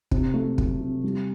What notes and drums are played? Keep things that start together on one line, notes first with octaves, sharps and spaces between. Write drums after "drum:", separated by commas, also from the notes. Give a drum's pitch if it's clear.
C3, drum: kick
A3
F#3, drum: kick
C3
G3